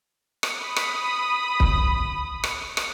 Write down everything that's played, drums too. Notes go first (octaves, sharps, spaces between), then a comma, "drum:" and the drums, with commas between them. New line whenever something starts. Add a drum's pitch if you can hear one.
drum: rim click
B5 D#6
drum: rim click
drum: kick
drum: rim click
drum: rim click